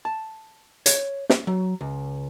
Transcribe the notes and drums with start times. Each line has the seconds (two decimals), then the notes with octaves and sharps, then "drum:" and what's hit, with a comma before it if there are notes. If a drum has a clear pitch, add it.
0.05 A5
0.86 C#5, drum: hi-hat
1.30 drum: snare
1.47 F#3
1.81 C#2